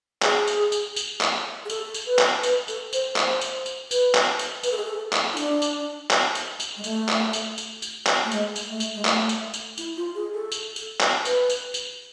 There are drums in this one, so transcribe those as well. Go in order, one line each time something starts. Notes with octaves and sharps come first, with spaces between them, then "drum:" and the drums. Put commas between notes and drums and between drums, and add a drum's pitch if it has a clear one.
G#4, drum: clap
drum: tambourine
drum: tambourine
drum: tambourine
drum: clap
G#4
A4, drum: tambourine
drum: tambourine
B4
drum: clap
B4, drum: tambourine
A4, drum: tambourine
C5, drum: tambourine
C5, drum: clap
drum: tambourine
drum: tambourine
B4, drum: tambourine
drum: clap
drum: tambourine
B4, drum: tambourine
A4
G#4
A4
drum: clap
E4
D4, drum: tambourine
drum: tambourine
drum: clap
drum: tambourine
drum: tambourine
G#3
A3, drum: tambourine
drum: clap
drum: tambourine
drum: tambourine
drum: tambourine
drum: clap
A3
G#3, drum: tambourine
drum: tambourine
A3
drum: tambourine
G#3
A3, drum: clap
drum: tambourine
drum: tambourine
E4, drum: tambourine
F4
G#4
A4
drum: tambourine
drum: tambourine
drum: clap
B4, drum: tambourine
drum: tambourine
drum: tambourine